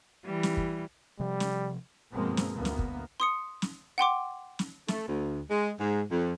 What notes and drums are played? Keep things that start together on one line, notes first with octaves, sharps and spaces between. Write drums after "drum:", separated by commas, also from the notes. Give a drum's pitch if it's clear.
E3 G3
drum: snare
drum: kick
C3 F3 G3
drum: snare
G2 B2 F3 G#3 A#3 C4
drum: snare
D2 A#3 B3
drum: snare
drum: kick
C6 D#6 C#7
drum: snare
F#5 G5 C6 D6
drum: snare
A3, drum: snare
D2
G#3
G#2
F2